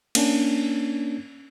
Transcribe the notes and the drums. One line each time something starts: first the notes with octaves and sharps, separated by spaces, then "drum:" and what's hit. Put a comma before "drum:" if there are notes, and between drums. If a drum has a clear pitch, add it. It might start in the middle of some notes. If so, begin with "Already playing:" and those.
A#3 C#4 D4, drum: cymbal